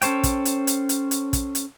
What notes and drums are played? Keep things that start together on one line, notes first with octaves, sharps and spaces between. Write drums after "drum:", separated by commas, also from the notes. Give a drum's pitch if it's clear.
C#4 A4 C5 C#5 G5, drum: hi-hat
drum: kick, hi-hat
drum: hi-hat
drum: hi-hat
drum: hi-hat
drum: hi-hat
drum: kick, hi-hat
drum: hi-hat